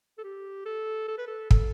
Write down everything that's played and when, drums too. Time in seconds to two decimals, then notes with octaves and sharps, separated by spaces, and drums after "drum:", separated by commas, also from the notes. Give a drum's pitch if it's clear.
0.18 A4
0.24 G4
0.65 A4
1.08 A4
1.18 B4
1.27 A4
1.51 A4, drum: kick